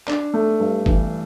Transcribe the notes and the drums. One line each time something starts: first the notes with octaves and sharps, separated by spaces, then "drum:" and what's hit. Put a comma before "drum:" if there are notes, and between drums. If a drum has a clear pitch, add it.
D4, drum: clap
A3
G2
E3, drum: kick G1